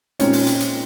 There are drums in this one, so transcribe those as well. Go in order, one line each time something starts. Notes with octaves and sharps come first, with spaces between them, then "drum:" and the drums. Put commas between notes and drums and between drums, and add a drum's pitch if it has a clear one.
A#2 G#3 C4 C#4 D#4, drum: hi-hat
drum: open hi-hat
drum: hi-hat
drum: hi-hat